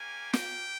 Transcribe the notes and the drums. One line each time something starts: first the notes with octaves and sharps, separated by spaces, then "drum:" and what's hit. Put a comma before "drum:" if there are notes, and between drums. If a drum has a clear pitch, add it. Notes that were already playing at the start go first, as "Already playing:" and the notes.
Already playing: A#3 C#4 G4 G#5
G5, drum: snare